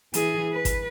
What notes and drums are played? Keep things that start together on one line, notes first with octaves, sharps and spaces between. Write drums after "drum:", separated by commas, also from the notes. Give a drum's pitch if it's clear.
E3 G#4, drum: hi-hat
B4
drum: kick G#1, hi-hat